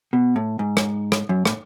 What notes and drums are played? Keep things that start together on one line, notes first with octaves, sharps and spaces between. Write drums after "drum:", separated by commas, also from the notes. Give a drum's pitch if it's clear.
B2
A2
G#2
drum: rim click
drum: rim click
F#2
A2, drum: rim click